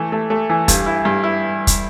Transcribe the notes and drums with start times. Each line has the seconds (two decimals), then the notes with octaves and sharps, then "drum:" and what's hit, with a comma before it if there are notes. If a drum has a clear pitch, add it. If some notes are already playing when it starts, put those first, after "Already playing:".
Already playing: E3 A3
0.12 A3
0.30 A3
0.50 E3
0.68 G2, drum: kick, hi-hat
0.86 E4
1.05 G2
1.23 E4
1.67 drum: kick, hi-hat